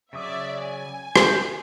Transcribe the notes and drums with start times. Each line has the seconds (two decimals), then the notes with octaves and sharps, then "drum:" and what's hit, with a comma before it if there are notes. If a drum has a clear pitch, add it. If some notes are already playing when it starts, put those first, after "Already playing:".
0.13 C#3 F#3 D5 E5 D#6
0.62 G#5
1.16 G6, drum: rim click